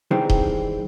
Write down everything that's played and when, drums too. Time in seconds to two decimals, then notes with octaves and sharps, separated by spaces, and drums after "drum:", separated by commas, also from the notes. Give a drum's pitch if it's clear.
0.11 D#3 E3 G3 G#3 C4
0.30 drum: kick D#1